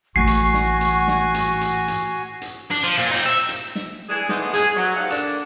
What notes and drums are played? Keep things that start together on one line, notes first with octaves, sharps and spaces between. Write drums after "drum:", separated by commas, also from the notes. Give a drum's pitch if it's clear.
A1 A2 F#4 G#5 C#6 C7
drum: hi-hat
drum: snare
drum: hi-hat
drum: snare
drum: hi-hat
drum: hi-hat
drum: hi-hat
drum: hi-hat
D4, drum: hi-hat
F3
A#2
C4 D#4
E5
drum: hi-hat
drum: snare
E3 D4 G#4
D3 G#3 A3 B3 D#4, drum: snare
G#4, drum: hi-hat
F#3
G#2 G3 A3 F5 F#5
D3 A#3 D4, drum: hi-hat